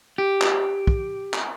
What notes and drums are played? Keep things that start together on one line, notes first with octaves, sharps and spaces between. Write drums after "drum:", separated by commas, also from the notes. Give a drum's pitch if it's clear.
G4
drum: clap
drum: kick
drum: clap